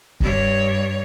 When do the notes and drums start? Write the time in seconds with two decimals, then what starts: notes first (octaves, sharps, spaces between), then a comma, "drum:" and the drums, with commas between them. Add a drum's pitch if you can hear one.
0.20 G2 C#5, drum: kick